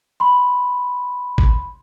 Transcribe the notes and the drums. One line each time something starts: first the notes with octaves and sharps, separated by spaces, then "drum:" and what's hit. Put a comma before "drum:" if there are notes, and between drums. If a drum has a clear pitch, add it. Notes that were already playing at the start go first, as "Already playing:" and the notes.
B5 C6
drum: kick G#1